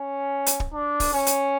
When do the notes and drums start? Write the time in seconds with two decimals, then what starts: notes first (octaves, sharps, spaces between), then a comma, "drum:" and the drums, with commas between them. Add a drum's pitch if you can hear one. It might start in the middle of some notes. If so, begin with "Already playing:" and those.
Already playing: C#4
0.46 drum: hi-hat
0.60 drum: kick
0.73 D4
1.00 drum: kick, open hi-hat
1.13 C#4
1.27 drum: hi-hat